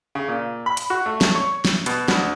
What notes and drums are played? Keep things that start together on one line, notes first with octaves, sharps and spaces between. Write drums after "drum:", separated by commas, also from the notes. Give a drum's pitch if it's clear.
C#3
A#2
B5
drum: hi-hat
F#4
A3
drum: snare
C#5
drum: snare
B2, drum: hi-hat
D2, drum: snare